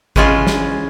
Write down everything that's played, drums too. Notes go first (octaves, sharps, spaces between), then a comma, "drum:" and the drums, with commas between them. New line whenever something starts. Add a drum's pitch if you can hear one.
E3 G#3 C#4 F4 G#4, drum: kick G#1
drum: snare